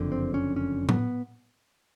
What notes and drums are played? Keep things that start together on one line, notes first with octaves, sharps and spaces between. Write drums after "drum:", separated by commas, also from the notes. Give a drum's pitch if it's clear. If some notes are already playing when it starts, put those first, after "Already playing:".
Already playing: F#1 F2 D3
C4
C#4
C#4
B3, drum: tom A2